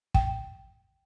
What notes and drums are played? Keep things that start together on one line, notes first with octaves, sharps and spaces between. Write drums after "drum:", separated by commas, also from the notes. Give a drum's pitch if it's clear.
G5, drum: kick